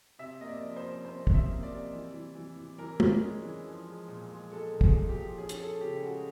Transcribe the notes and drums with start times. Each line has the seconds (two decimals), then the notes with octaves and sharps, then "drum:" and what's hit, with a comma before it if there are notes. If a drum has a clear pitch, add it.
0.19 C3 E5
0.41 A#3 D#5
0.48 D5
0.62 F3
0.76 C5
0.84 C#4
1.05 A#3 C5
1.27 C3, drum: kick
1.34 E5
1.49 A#3
1.63 D5
1.70 C3
1.93 E3
2.14 E3
2.35 E3
2.57 E3
2.78 E3 A#4
3.00 C#4, drum: tom
3.21 G#3
3.43 E3
3.65 F3
3.87 G#3
4.08 A#2
4.30 G#3
4.52 G#3 A4
4.73 A#2
4.81 G#4, drum: kick
4.95 A#2
5.09 G4
5.16 F3
5.38 C#4 G#4
5.49 drum: hi-hat
5.60 C#4 A4
5.81 C#3 G4
6.02 G#3 F#4